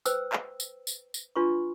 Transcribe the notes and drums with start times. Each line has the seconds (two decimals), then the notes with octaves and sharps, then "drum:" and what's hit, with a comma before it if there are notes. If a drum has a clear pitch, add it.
0.06 B4 C5 G5 E6, drum: tambourine
0.33 drum: clap
0.60 drum: tambourine
0.87 drum: tambourine
1.14 drum: tambourine
1.36 D4 F4 B4 C6 C#6